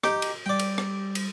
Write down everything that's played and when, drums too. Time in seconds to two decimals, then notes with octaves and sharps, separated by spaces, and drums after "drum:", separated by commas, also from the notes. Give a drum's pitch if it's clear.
0.04 D#4 G4 G5, drum: rim click
0.22 drum: cymbal
0.46 G3 D5 G5
0.59 drum: cymbal
0.78 drum: rim click
1.15 drum: cymbal